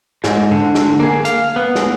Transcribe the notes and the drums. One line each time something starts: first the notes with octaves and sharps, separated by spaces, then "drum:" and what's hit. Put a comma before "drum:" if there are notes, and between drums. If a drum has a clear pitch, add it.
G#2, drum: snare
D3
drum: snare
A#3 G#4
F5, drum: hi-hat
B3
drum: snare